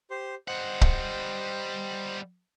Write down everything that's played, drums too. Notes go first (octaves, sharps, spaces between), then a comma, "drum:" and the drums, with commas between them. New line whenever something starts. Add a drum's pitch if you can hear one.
G4 C5 C6
G3 C5 D#5 F#5
drum: kick